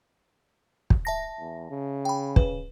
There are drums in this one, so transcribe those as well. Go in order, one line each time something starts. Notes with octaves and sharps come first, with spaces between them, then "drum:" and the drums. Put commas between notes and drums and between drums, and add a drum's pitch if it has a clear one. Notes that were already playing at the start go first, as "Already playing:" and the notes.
drum: kick
E5 A5 A#6
E2
C#3
G5 B5
B4, drum: kick